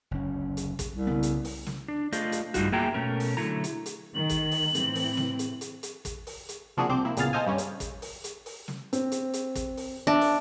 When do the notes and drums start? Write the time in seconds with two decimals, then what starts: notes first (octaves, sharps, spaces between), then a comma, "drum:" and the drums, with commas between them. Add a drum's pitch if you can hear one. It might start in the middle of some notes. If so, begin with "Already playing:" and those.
0.11 F#1 D2 C#4
0.57 drum: hi-hat
0.79 drum: kick, hi-hat
0.91 C2
1.07 C#3 G3 B3
1.23 drum: hi-hat
1.45 drum: open hi-hat
1.66 drum: snare
1.88 D4
2.12 A3 D4 F4 C5 D#5 F5, drum: hi-hat
2.32 drum: hi-hat
2.54 G2 G3 D#4 F4 F#4, drum: kick, hi-hat
2.72 A#3 G#4 E5 G5 A#5
2.94 B2 A3 C#4 A#4
3.20 drum: open hi-hat
3.37 D3 F#3 A3 E4 A#5
3.64 drum: hi-hat
3.86 drum: hi-hat
4.15 D#3 F#7
4.29 drum: kick, hi-hat
4.51 drum: open hi-hat
4.75 A2 E3 C4, drum: hi-hat
4.95 drum: open hi-hat
5.17 drum: snare
5.39 drum: hi-hat
5.61 drum: hi-hat
5.83 drum: hi-hat
6.05 drum: kick, hi-hat
6.27 drum: open hi-hat
6.49 drum: hi-hat
6.77 C3 F3 A#3 D4 F#4 G#4
6.89 C2 C4 C5 D6 G6
7.05 A#3 E4
7.17 C#2 A#2 B3 G#4 F5 A6, drum: hi-hat
7.33 A4 C5 D#5 F5 G#5
7.46 G2 G3 C#4
7.58 drum: hi-hat
7.80 drum: kick, hi-hat
8.02 drum: open hi-hat
8.24 drum: hi-hat
8.46 drum: open hi-hat
8.68 drum: snare
8.93 C4, drum: hi-hat
9.12 drum: hi-hat
9.34 drum: hi-hat
9.55 drum: kick, hi-hat
9.77 drum: open hi-hat
10.07 D4 E5
10.21 drum: open hi-hat